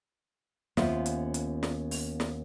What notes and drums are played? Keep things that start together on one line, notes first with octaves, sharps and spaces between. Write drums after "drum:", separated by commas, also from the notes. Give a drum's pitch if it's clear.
D#2 B3 C#4 F4 C5 E5, drum: snare
drum: hi-hat
drum: hi-hat
drum: snare
drum: open hi-hat
drum: snare